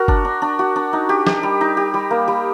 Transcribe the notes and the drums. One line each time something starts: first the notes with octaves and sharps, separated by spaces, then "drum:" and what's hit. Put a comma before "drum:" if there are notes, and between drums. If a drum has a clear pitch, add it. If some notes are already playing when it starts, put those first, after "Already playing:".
Already playing: F#4 A#4
D4, drum: kick F#1
D4
D4
F#4
D4
D#4
G4
G4, drum: snare
G3
D#4
G4
G3
A#3
G3